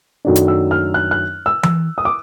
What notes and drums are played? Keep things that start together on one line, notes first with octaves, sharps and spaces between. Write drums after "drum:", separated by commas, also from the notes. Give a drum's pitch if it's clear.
F#2 D#3 F#3 A3 D4
drum: hi-hat
E6
F6
F#6
F#6
E6
E6, drum: tom E3
D#6
D6